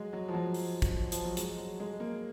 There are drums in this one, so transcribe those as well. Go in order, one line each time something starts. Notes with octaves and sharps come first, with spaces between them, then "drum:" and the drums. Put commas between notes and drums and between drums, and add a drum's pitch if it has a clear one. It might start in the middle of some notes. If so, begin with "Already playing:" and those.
Already playing: F#3 G#3
F#3
F3
F#3
drum: open hi-hat
drum: kick, hi-hat
F3, drum: hi-hat
F#3
G#3, drum: hi-hat
F#3
G#3
A#3